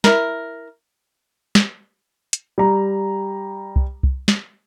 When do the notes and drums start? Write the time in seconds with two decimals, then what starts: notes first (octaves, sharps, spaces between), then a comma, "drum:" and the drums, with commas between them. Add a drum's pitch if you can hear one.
0.04 E4 A#4, drum: snare
1.55 drum: snare
2.33 drum: hi-hat
2.58 G3 A#5
3.76 drum: kick C2
4.03 drum: kick C2
4.28 drum: snare